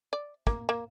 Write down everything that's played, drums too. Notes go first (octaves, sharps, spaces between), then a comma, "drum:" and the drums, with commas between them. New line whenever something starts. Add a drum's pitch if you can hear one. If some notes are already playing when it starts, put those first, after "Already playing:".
D5
A#3, drum: kick
A#3